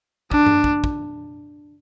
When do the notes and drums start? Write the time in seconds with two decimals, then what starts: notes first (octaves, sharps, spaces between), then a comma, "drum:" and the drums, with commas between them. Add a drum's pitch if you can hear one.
0.31 D4, drum: kick
0.47 drum: tom G2
0.64 drum: kick
0.84 drum: kick